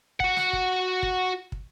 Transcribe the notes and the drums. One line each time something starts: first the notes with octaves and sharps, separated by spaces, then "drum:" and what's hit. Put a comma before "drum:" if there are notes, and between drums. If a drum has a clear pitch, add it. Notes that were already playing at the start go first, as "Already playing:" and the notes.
F#4 F#5, drum: kick
drum: snare
drum: kick
drum: kick
drum: kick